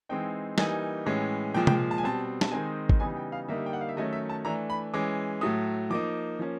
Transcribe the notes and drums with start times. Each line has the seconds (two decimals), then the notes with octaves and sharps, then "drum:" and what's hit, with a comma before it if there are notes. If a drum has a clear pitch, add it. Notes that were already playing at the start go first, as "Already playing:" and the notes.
0.09 E3 G#3 C4 D#4 G5
0.58 E3 G3 A#3 D#4 G#5, drum: snare
1.06 A2 E3 G#3 C#4
1.54 A#2 F3 G#3 G5
1.67 G5, drum: tom C3
1.91 A5
1.98 G#5
2.03 B2 G3 C4 A5
2.41 A5, drum: snare
2.51 D#3 G#3 C4 D#4 G#5
2.89 drum: kick G#1
3.00 C#3 E3 G3 B3 D#4 G#5
3.16 G5
3.32 F5
3.49 D3 G3 A#3 D#4 E5
3.66 G5
3.73 F#5
3.81 F5
3.89 E5
3.97 D#3 F#3 A3 C#4 D#5
4.12 E5
4.29 A5
4.45 E3 A3 D4 A#5
4.70 B5
4.94 E3 G#3 C#4 D6
5.41 A2 F#3 A3 D#6
5.90 F3 A#3 D#4 D6
6.39 F3 A#3 C#4